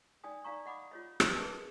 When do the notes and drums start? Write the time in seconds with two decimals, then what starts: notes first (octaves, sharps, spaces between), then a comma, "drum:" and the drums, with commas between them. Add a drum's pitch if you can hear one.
0.24 D#4 D5 G5 G#5 D#6
0.44 D#4 D5 F5 A#5 C#6
0.66 D#5 F#5 B5 D6 D#6
0.91 F4 C#5 D#5
1.20 D#4 B4 D#5 E5, drum: rim click
1.36 G#4 A#4 B4 D#5 A5